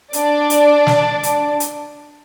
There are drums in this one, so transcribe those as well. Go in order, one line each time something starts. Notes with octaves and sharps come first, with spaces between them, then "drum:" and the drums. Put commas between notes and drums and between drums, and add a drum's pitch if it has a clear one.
D4 D5, drum: hi-hat
drum: hi-hat
drum: snare
drum: hi-hat
drum: hi-hat